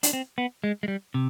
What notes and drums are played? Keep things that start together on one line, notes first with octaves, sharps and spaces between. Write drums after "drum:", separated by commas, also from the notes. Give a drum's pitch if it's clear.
D4, drum: hi-hat
C4
B3
G#3
G#3
G3
C3